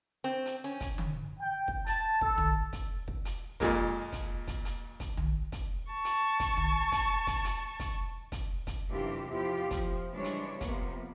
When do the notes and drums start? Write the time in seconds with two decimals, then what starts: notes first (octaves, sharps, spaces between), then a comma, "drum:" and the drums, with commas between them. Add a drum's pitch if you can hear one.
0.24 C4
0.46 drum: hi-hat
0.64 C#4
0.81 drum: kick, hi-hat
0.98 drum: tom D3
1.40 G5
1.68 drum: kick
1.86 A5, drum: hi-hat
2.21 A4, drum: kick
2.38 drum: tom
2.73 drum: kick, hi-hat
3.08 drum: kick
3.25 drum: hi-hat
3.60 F2 A#2 G#3 A#3, drum: kick, hi-hat
4.13 drum: kick, hi-hat
4.47 drum: kick, hi-hat
4.65 drum: hi-hat
5.00 drum: kick, hi-hat
5.17 drum: tom
5.52 drum: kick, hi-hat
5.92 A5 C#6
6.05 drum: hi-hat
6.40 drum: kick, hi-hat
6.57 drum: tom
6.92 drum: kick, hi-hat
7.27 drum: kick, hi-hat
7.45 drum: hi-hat
7.80 drum: kick, hi-hat
8.32 drum: kick, hi-hat
8.67 drum: kick, hi-hat
8.90 F#2 C3 E3 D4 F4 G4
9.27 E2 C3 F3 E4 F4 G4
9.71 F3, drum: kick, hi-hat
10.12 C#3 E3 G3 G#3 D4 C#5
10.24 drum: hi-hat
10.61 C3 F3 A#3 B3, drum: kick, hi-hat